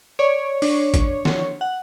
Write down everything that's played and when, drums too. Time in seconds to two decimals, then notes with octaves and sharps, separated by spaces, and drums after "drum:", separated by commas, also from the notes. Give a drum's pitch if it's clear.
0.19 C#5 D5
0.62 D4, drum: open hi-hat
0.94 drum: kick A1, hi-hat
1.25 drum: snare
1.61 F#5